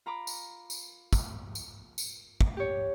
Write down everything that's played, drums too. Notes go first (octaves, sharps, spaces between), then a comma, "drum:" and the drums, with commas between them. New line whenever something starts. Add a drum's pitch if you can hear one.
F4 A#5 B5 D6
drum: tambourine
drum: tambourine
drum: kick, tambourine
drum: tambourine
drum: tambourine
drum: kick
G4 C#5